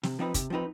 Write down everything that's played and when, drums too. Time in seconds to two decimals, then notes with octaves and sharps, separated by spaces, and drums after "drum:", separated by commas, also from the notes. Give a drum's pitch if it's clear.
0.03 C3, drum: snare
0.19 F3 C4 D#4 B4
0.34 C3, drum: kick, hi-hat
0.50 F3 C4 D#4 B4